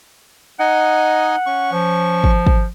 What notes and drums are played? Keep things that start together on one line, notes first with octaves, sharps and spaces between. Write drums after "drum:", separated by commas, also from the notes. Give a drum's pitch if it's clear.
D#4 D#5 F#5 G#5
C#4 C#6
F3
drum: kick
drum: kick